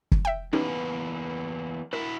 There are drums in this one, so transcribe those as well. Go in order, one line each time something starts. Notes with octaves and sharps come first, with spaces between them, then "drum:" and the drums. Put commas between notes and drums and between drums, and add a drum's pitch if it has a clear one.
drum: kick
E5 G5
E3 A#3 B3 C#4 D#4 G4
E4 F#4 A#4 E5